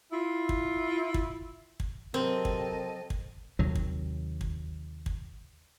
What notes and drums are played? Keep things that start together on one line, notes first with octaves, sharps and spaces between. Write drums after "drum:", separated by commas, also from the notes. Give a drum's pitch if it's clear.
E4 F4
drum: kick
drum: kick
drum: kick
C3 F#3 C4 A4 A#4 D#5
drum: kick
drum: kick
D#2 C3 D#3 F#3
drum: kick
drum: kick
drum: kick